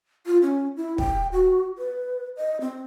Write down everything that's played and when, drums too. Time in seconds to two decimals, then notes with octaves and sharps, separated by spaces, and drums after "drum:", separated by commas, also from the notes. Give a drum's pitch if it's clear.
0.26 F4
0.42 C#4
0.77 E4
0.98 G5, drum: kick
1.32 F#4
1.78 B4
2.37 D#5
2.61 C4